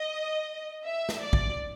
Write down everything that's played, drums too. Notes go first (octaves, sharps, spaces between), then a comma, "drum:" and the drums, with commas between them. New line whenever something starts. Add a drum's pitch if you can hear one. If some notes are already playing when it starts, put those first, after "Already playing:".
Already playing: D#5
E5
drum: snare
D5
drum: kick